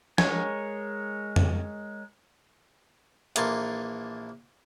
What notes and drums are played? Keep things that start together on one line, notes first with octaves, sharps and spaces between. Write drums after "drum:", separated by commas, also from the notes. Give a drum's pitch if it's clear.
G#3 A#4 C#5 G#5, drum: snare
drum: tom F2
A#1 E3 A#3 A4 C6, drum: hi-hat